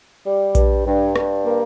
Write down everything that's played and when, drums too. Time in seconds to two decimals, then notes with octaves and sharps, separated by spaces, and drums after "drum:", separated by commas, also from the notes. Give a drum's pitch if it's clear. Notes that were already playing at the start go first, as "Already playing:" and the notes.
0.25 G3
0.55 G2, drum: kick A#1, hi-hat
0.85 G2
1.16 G2, drum: rim click
1.45 A#3